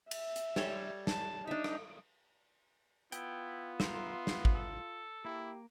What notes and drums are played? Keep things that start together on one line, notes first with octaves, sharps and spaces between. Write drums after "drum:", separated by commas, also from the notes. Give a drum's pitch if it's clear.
E5, drum: cymbal
drum: hi-hat
G3 A4 C#5, drum: snare
A5, drum: snare
D4 D#4 E5
drum: rim click
B3 E4 F4 G5, drum: hi-hat
E5 A#5 C6, drum: snare
drum: snare
drum: kick G#1
A4
A#3 E4 G4